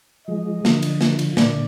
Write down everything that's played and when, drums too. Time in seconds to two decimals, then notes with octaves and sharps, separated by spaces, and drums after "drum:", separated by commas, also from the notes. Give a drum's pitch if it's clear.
0.27 F3 G#3 D#5
0.65 D3 F3, drum: snare
0.82 drum: cymbal
1.01 drum: snare
1.19 drum: cymbal
1.37 A#2 D3 D5, drum: snare